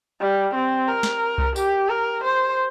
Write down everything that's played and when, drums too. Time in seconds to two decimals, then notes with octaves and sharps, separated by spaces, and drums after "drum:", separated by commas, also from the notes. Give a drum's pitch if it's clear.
0.20 G3
0.54 C4
0.88 A#4
1.03 drum: snare
1.38 drum: kick C2
1.56 G4, drum: tambourine
1.89 A#4
2.23 C5